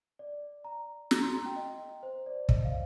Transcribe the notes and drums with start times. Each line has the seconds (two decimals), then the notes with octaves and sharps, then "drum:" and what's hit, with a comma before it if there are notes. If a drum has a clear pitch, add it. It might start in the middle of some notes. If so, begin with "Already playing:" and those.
0.19 D5
0.65 A#5
1.11 A#5, drum: snare
1.22 C6
1.34 A#5
1.46 G5
1.56 D#5
2.03 C5
2.26 D5
2.49 D#5, drum: kick
2.65 F5